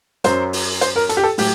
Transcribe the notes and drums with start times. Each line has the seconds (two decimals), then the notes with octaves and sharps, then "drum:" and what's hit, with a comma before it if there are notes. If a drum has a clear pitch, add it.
0.24 F#2 F#3 C5, drum: hi-hat
0.53 drum: open hi-hat
0.81 C5, drum: hi-hat
0.96 A#4
1.09 A4, drum: hi-hat
1.17 G4
1.24 A4
1.38 A2 F#3 G4, drum: open hi-hat